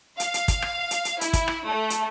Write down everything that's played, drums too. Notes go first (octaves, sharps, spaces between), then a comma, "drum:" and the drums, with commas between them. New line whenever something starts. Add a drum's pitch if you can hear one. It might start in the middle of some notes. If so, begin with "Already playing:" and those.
F5, drum: hi-hat
drum: hi-hat
drum: kick, hi-hat
drum: rim click
drum: hi-hat
drum: hi-hat
E4, drum: hi-hat
drum: kick, hi-hat
drum: rim click
A3
drum: hi-hat